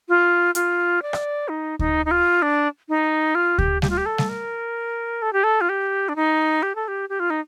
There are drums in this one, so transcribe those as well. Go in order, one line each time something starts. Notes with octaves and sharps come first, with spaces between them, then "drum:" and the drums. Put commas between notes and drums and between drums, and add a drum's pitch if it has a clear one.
F4
F4, drum: hi-hat
D5
drum: rim click
D#4
D#4, drum: kick D2
D#4
F4
D4
D#4
F4
G4, drum: kick D2
G4, drum: snare G3
F4
G4
A4
drum: snare G3
A#4
A4
G4
A4
F4
G4
D4
D#4
G4
A4
G4
G4
F4
D#4